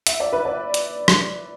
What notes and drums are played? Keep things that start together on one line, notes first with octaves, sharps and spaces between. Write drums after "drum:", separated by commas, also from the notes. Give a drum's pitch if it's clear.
E5, drum: hi-hat
D5
B4
D5
drum: hi-hat
drum: rim click